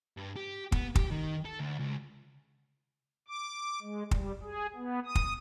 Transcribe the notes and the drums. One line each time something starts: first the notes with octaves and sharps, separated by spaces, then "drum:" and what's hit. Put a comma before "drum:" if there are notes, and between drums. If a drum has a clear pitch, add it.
G2
G4
B3, drum: kick
G4, drum: kick
D#3
A4
D2
C#2
D6
G#3
G3, drum: kick
G#4
B3
D#6
drum: kick